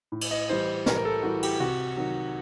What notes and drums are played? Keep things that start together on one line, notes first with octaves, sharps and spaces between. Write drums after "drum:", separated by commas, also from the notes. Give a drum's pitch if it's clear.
A2
drum: cymbal
D#5
E3 G3 C5
A2 A#4, drum: snare
A#4
A4
E3 G3 F#4
G4, drum: cymbal
C3 F#4
D#3 F#3